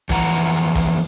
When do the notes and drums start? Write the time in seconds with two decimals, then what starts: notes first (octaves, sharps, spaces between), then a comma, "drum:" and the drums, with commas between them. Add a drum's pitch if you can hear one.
0.09 F2 E3 F#5 A#5, drum: kick, hi-hat
0.31 drum: hi-hat
0.53 drum: hi-hat
0.75 drum: kick, open hi-hat